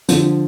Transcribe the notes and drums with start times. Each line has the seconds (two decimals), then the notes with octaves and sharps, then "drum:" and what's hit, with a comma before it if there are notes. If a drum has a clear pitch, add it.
0.08 D3 F3, drum: hi-hat